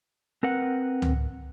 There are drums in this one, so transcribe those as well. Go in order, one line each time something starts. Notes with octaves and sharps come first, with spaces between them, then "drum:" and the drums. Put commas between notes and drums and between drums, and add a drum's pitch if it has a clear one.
C4 A#4 B4 F#5
drum: tom C#2